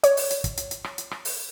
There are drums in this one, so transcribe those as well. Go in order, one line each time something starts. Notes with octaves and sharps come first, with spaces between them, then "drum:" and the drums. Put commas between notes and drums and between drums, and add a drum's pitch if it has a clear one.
C#5, drum: hi-hat
drum: open hi-hat
drum: hi-hat
drum: kick, hi-hat
drum: hi-hat
drum: hi-hat
drum: rim click
drum: hi-hat
drum: rim click
drum: open hi-hat